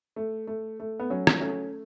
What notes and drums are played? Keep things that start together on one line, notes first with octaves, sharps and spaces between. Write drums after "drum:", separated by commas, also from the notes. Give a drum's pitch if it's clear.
A3
A3
A3
B3
F#3 C#4
drum: rim click
A3 C#4